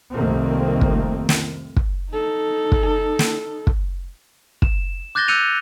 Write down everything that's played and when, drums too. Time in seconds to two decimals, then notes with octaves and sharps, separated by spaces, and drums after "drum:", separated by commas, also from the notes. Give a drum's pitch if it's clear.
0.12 C2 F2 D#3 A3 A#3 C4
0.81 drum: kick
1.29 drum: snare
1.76 drum: kick
2.10 D#4 A4
2.72 drum: kick
3.19 drum: snare
3.67 drum: kick
4.62 E7, drum: kick
5.15 D6 F#6 G6 A6 A#6 G7
5.28 E6 F#6 G6 C#7 D#7 F7